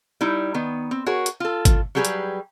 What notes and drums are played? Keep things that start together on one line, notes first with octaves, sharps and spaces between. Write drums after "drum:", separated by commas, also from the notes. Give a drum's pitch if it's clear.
G3 D#4 E4
D#3 B3
C4
F#4 G#4 A#4 C#5
drum: hi-hat
F4 A4
drum: kick G#1, hi-hat
F#3 G3 G4 G#4 A#4 B4
drum: hi-hat